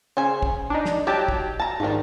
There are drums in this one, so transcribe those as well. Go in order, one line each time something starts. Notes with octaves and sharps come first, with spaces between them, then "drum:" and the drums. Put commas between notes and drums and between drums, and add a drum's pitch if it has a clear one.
C#3 C5 G#5
drum: kick
D4 D#4
drum: snare
F#3 G4 A5
drum: kick
A5 A#5
G#2 D#3 F3 D4